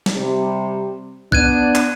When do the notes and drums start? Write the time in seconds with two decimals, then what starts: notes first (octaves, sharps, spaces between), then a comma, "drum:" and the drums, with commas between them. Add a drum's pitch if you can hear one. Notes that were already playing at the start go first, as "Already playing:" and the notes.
0.06 drum: snare
0.16 C3 G3
1.32 B3 D4 F#6 G#6 D#7, drum: kick
1.75 drum: clap